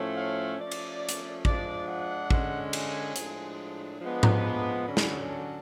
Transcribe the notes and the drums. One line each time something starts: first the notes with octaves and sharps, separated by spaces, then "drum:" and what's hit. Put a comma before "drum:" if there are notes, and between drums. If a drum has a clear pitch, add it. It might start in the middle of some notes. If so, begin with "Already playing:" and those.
Already playing: A2 F3 A3 C#4
F5
F3 A3 C#4 D5
drum: cymbal
drum: hi-hat
F3 G#3 D4 D5, drum: kick
F#5
D3 G#3 C#4, drum: kick
G#5, drum: cymbal
A2 F3 G#3 D4, drum: hi-hat
F3 G#3 B3 D4
drum: tom G#2
B5
D3 F#3 C#4
drum: snare
A5